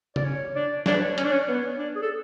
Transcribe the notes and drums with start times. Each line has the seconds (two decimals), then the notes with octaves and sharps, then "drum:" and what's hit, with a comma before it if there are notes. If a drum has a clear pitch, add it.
0.16 D5, drum: tom C#3
0.24 C#4 C#5
0.55 D4 D5
0.86 D4 C#5, drum: snare
0.94 B4
1.01 C#5
1.18 C#4, drum: hi-hat
1.25 D4
1.32 C#4
1.49 B3
1.79 D4
1.96 G#4
2.02 A4